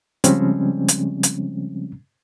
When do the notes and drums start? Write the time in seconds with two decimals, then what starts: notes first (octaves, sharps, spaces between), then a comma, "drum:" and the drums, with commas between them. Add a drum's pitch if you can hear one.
0.24 C#3 F3 G3 G#3 C4 C#4, drum: hi-hat
0.89 drum: hi-hat
1.23 drum: hi-hat